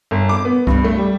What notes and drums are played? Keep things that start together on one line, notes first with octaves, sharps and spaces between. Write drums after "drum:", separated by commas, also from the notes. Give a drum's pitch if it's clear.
G1
D6
B3
G2, drum: kick C2
A3
G3